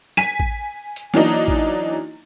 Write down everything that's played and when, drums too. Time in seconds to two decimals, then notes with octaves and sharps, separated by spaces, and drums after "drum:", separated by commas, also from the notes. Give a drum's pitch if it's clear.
0.17 G#5 B6 D#7, drum: snare
0.40 drum: kick A1
0.96 drum: hi-hat
1.14 E3 F#3 A#3 D4 D#4, drum: snare
1.48 drum: kick A1